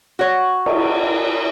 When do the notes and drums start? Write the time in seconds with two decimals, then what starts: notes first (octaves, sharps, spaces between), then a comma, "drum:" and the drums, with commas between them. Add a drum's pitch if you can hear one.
0.19 F#4 C#5
0.66 drum: cymbal